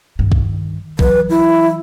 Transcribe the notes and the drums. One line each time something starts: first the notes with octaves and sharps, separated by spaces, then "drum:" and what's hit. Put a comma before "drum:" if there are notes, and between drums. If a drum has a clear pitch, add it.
G2 D#3
drum: kick A#1
E3 F#3 B4, drum: kick A#1
E4